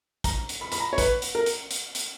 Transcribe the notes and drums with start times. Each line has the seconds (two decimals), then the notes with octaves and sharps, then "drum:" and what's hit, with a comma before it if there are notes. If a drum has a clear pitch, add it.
0.24 A#5, drum: kick, hi-hat
0.49 drum: hi-hat
0.61 B5
0.72 B5, drum: hi-hat
0.80 A#5
0.93 C#5
0.98 B4, drum: kick, hi-hat
1.22 drum: hi-hat
1.35 A#4
1.46 drum: hi-hat
1.71 drum: hi-hat
1.95 drum: hi-hat